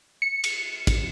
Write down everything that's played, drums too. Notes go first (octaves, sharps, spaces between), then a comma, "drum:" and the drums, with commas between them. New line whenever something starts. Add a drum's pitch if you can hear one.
C#7
drum: cymbal
drum: kick, cymbal